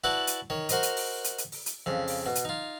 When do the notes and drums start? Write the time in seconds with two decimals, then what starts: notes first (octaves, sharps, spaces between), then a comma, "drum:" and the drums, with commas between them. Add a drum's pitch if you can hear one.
0.04 E4 F#4 B4 D5 A5
0.27 drum: hi-hat
0.50 D#3 C#5
0.69 F#4 A#4 C5 D#5 A#5, drum: hi-hat
0.83 drum: hi-hat
0.97 drum: open hi-hat
1.24 drum: hi-hat
1.38 drum: hi-hat
1.52 drum: open hi-hat
1.66 drum: hi-hat
1.86 F2 C#3
2.08 drum: open hi-hat
2.26 B2
2.35 drum: hi-hat
2.45 D#4 F4